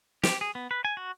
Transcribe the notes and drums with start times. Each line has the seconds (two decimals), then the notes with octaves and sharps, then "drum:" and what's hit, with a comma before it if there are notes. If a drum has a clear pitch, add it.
0.23 G4, drum: snare
0.41 G#4
0.55 B3
0.71 B4
0.85 G#5
0.97 F#4